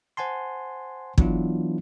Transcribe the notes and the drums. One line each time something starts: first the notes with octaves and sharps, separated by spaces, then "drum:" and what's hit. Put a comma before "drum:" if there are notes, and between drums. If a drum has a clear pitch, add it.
C5 F#5 G#5 A5 C6
E3 F#3 B3 D4 E4 F4, drum: kick